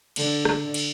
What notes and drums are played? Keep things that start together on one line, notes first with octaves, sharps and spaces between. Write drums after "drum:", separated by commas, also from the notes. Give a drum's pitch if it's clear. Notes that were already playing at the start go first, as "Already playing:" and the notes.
D3, drum: cymbal
drum: rim click
drum: cymbal